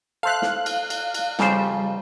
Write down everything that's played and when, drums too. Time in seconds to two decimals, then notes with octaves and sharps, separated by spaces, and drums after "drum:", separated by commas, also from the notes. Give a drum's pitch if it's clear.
0.23 A4 C5 E5 F5 F#6
0.42 drum: snare
0.66 drum: cymbal
0.90 drum: cymbal
1.14 drum: cymbal
1.39 F2 C#3 G3 C5, drum: snare